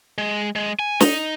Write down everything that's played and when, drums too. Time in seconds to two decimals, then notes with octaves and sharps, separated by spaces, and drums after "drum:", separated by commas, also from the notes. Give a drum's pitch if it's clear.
0.18 G#3
0.56 G#3
0.79 G#5
1.00 D#4, drum: snare